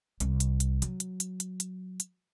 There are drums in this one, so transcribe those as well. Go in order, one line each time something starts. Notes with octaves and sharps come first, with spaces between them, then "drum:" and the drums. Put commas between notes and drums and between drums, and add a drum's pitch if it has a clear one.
C2, drum: hi-hat
drum: hi-hat
drum: hi-hat
F#3, drum: hi-hat
drum: hi-hat
drum: hi-hat
drum: hi-hat
drum: hi-hat
drum: hi-hat